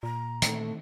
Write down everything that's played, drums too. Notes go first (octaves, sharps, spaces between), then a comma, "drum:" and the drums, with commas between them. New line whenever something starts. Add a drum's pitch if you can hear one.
A#2 A#5
D#3 E3 A3 C4, drum: hi-hat